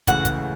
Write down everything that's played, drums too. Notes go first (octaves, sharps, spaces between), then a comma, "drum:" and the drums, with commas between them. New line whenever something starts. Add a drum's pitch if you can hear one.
C#2 C#3 E3 A3 F#4 F#5, drum: kick, hi-hat
drum: kick, hi-hat